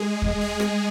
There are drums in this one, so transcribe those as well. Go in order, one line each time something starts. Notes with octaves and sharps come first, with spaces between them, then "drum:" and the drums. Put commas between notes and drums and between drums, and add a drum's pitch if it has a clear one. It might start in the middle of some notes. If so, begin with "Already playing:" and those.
Already playing: G#3 G#4
drum: kick
G#3 G#4
drum: rim click